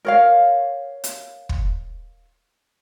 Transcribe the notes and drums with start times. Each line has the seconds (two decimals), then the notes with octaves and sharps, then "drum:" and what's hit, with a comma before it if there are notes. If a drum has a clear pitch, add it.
0.05 A#4 C#5 F5
1.04 drum: hi-hat
1.49 drum: kick